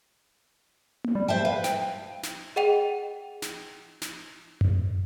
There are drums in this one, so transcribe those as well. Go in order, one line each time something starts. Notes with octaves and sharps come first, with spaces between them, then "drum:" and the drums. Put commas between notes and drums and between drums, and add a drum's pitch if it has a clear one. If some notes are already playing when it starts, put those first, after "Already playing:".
drum: tom A#3
G3
C5 E5 G5 A5
B4 F5
G5, drum: snare
drum: snare
G#4 D#5 F#5 G5 D#7 F7
drum: snare
drum: snare
drum: tom F#2